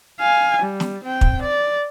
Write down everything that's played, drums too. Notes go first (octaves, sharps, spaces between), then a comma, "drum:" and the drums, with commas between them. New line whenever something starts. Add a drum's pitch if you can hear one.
F5 G#5
G3
drum: snare
C4 G5
drum: kick
D5